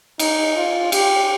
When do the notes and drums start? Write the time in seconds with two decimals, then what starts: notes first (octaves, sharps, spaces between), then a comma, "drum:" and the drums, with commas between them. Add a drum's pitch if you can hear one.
0.19 D#4, drum: cymbal
0.56 F4
0.92 G4, drum: cymbal